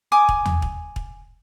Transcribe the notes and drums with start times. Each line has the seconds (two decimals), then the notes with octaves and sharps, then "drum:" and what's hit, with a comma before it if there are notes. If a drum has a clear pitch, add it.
0.12 G#5 D6 D#6
0.29 drum: kick
0.45 drum: tom
0.62 drum: kick
0.96 drum: kick